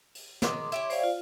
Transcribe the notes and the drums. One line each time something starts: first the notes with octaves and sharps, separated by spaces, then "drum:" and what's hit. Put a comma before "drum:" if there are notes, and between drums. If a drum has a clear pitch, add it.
drum: open hi-hat
D#3 G#3 C6 D6, drum: snare
E4 G4 C#5
C5 D5 F5, drum: open hi-hat
F4